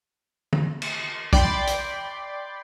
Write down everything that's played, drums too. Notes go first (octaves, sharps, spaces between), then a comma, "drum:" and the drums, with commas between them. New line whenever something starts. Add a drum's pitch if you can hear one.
drum: tom
drum: cymbal
D5 G5 B5 C6, drum: kick
drum: hi-hat